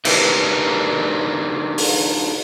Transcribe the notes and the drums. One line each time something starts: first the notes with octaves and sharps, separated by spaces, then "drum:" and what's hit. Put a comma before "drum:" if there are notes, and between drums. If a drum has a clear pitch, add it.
D4 D#4 G4 A#4 B4 D#5, drum: cymbal
drum: open hi-hat